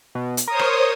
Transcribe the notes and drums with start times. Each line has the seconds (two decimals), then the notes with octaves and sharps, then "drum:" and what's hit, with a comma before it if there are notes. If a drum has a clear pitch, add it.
0.15 B2
0.37 drum: hi-hat
0.48 A#4 C5 C#5 D#6
0.59 drum: rim click